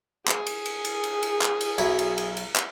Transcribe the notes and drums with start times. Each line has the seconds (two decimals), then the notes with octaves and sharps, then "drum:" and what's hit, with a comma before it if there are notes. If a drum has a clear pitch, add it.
0.27 G#4, drum: clap
0.47 drum: cymbal
0.66 drum: cymbal
0.85 drum: cymbal
1.04 drum: cymbal
1.23 drum: cymbal
1.42 drum: clap
1.61 drum: cymbal
1.78 B1 F#3 E4, drum: cymbal
1.99 drum: cymbal
2.18 drum: cymbal
2.37 drum: cymbal
2.56 drum: clap